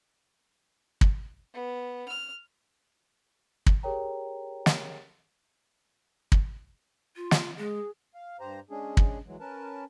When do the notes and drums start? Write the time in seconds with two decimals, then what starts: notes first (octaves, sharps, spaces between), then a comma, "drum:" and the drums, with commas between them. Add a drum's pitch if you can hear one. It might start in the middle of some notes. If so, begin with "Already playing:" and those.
1.01 drum: kick
1.54 B3
2.08 F6
3.66 drum: kick
3.83 G4 G#4 A#4 C#5 G5 A#5
4.66 drum: snare
6.32 drum: kick
7.16 F4
7.31 drum: snare
7.58 G#3 G#4
8.14 F5
8.40 G2 G4 C5 A#5
8.70 G#3 C#4 D4 G#4
8.97 drum: kick
9.26 E3 F#3 G#3
9.40 C#4 A#4 B4 A5